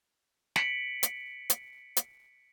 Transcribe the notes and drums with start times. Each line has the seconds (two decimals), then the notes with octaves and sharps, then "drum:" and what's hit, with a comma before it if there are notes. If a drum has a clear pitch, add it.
0.56 B6 C#7 D7 F#7, drum: snare
1.03 drum: hi-hat
1.50 drum: hi-hat
1.97 drum: hi-hat